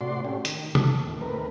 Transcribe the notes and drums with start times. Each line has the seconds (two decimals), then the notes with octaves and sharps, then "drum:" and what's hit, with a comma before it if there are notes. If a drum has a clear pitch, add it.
0.01 A2 C3 F#4 D5 C6
0.25 A3 C#4 G4
0.45 D#3, drum: hi-hat
0.75 A4, drum: tom
1.07 D#2 A2
1.21 D#2 A3 C4 A#4 B4